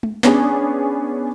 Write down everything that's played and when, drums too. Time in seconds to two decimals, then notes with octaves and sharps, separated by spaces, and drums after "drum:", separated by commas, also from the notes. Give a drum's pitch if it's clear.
0.03 drum: tom
0.23 B3 C#4 D4 G#4, drum: snare